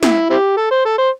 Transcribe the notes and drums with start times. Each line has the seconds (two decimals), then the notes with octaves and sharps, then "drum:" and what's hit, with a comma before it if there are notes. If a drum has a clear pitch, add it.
0.03 E4, drum: snare
0.30 C4 E4 G4
0.57 A4
0.71 C5
0.85 A4
0.98 C5